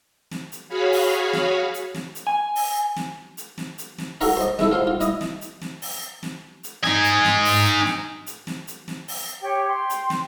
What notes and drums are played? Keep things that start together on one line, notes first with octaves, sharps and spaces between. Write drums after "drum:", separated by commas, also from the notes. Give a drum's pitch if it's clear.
drum: snare
drum: hi-hat
F#4 G#4 C#5 F5 B5
drum: open hi-hat
drum: snare
drum: hi-hat
drum: snare
drum: hi-hat
G#5
drum: open hi-hat
drum: snare
drum: hi-hat
drum: snare
drum: hi-hat
drum: snare
F#4 A4 A#4 F5 A#5, drum: open hi-hat
C5 D#5
G#3 E4 A4, drum: snare
F4 C5 F5 C6
F4
E4 D#5 D#6, drum: hi-hat
drum: snare
drum: hi-hat
drum: snare
drum: open hi-hat
drum: snare
drum: hi-hat
D#4 G#5, drum: snare
drum: hi-hat
drum: snare
drum: open hi-hat
drum: snare
drum: hi-hat
drum: snare
drum: hi-hat
drum: snare
drum: open hi-hat
G4 C#5 G5
G5 C6
drum: hi-hat
drum: snare